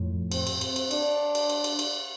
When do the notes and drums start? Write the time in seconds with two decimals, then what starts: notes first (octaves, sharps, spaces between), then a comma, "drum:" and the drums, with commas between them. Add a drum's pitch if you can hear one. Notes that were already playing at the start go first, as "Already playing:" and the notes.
Already playing: F2 A2
0.32 C4, drum: cymbal
0.47 drum: cymbal
0.61 drum: cymbal
0.76 drum: cymbal
0.91 D4, drum: cymbal
1.35 drum: cymbal
1.50 drum: cymbal
1.64 drum: cymbal
1.79 drum: cymbal